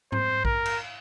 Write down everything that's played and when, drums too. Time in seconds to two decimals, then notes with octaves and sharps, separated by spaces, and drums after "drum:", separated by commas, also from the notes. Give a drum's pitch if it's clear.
0.12 C5, drum: tom G#2
0.45 A#4, drum: kick A#1
0.66 drum: cymbal